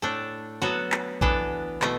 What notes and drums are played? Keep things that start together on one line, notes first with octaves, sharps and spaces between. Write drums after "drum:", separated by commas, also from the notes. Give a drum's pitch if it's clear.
A2 A3 D4 A4
F#3 B3 F#4 A4
drum: clap
E3 B3 D4 A4, drum: kick
B2 A3, drum: clap